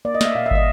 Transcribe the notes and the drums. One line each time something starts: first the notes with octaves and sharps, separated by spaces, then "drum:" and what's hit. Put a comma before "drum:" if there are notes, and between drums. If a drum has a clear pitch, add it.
A#3 D5
D#5
A#3 E5, drum: snare
A#2 F5
E5
G3 D#5, drum: kick